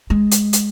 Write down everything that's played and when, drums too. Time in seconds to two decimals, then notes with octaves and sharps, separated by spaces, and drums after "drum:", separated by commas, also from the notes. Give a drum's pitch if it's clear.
0.10 G#3
0.31 drum: hi-hat
0.53 drum: hi-hat